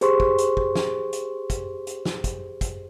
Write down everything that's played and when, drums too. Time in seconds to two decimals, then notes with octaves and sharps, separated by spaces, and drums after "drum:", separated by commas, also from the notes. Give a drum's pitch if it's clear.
0.01 G4 G#4 C5 C6 C#6, drum: hi-hat
0.20 drum: kick
0.38 drum: hi-hat
0.57 drum: kick
0.76 drum: snare
1.13 drum: hi-hat
1.50 drum: kick, hi-hat
1.87 drum: hi-hat
2.05 drum: snare
2.24 drum: kick, hi-hat
2.61 drum: kick, hi-hat